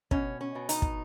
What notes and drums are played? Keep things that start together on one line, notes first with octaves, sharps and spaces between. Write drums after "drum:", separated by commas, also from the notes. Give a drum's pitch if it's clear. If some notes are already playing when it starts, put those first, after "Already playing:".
B2 C#4, drum: kick
C#4
B2
D#4, drum: hi-hat
drum: kick